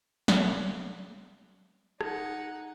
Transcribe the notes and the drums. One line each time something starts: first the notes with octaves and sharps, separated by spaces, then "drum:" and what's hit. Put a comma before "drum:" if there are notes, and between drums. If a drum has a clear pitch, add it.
drum: snare
D#4 F#5, drum: rim click